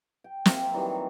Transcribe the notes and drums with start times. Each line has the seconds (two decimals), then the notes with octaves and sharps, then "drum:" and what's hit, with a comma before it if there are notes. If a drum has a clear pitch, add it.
0.24 G5
0.46 A#3 C4 E5, drum: snare
0.74 D#3 E3 F#3 G3